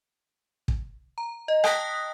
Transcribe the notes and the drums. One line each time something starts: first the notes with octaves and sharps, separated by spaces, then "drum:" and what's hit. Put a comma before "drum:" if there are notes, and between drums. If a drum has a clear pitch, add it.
drum: kick
A#5
D#5
G5 A5 D#6 F#6 A#6 B6, drum: rim click